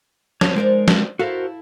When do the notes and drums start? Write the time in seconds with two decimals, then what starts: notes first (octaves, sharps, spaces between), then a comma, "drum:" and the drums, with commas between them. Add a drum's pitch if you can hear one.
0.41 E2 F3 C#5, drum: snare
0.56 G#3 D#4 A#4 C5 D5
0.88 drum: snare
1.19 E4 F#4 A4 A#4 C5 F5